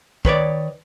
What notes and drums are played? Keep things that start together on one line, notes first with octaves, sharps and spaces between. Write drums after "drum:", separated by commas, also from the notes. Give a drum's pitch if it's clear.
D#3 B4 C#5 D5, drum: kick